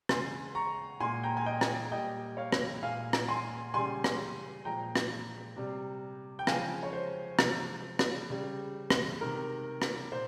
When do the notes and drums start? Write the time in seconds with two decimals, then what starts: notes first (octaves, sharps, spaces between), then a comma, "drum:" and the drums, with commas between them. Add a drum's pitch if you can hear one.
0.09 C#3 G#3 G#5 C6, drum: rim click
0.55 A#5 C#6
1.00 A#2 G#3 G#5 C6
1.23 G5 A#5
1.37 G#5
1.46 D#5 G5
1.61 drum: rim click
1.92 A#2 G3 D#5 G5
2.37 C#5 F5
2.52 drum: rim click
2.82 A#2 G#3 F5 G#5
3.13 drum: rim click
3.28 G#5 C6
3.74 C#3 G3 G#5 C6
4.04 drum: rim click
4.65 A#2 F3 G#3 G5 A#5
4.95 drum: rim click
5.56 C3 G3
6.39 G5
6.47 C#3 F3 G#3 F5 G#5, drum: rim click
6.83 C#5
6.93 C5
7.39 C3 F3 G#3, drum: rim click
7.99 drum: rim click
8.30 C#3 G3
8.90 drum: rim click
9.21 C3 D#3 G#3 A#4
9.82 drum: rim click
10.12 A#2 C5